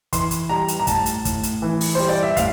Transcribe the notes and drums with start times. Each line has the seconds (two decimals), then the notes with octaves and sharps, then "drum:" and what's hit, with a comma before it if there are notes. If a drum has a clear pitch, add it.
0.13 E3 C6, drum: kick, hi-hat
0.31 drum: hi-hat
0.49 G3 A#5
0.68 drum: hi-hat
0.79 A#5
0.87 A2 A5, drum: kick, hi-hat
1.06 drum: hi-hat
1.25 A2, drum: kick, hi-hat
1.43 drum: hi-hat
1.62 E3
1.81 drum: open hi-hat
1.95 G3 C5
2.09 D5
2.23 E5
2.37 A2 F5, drum: kick, hi-hat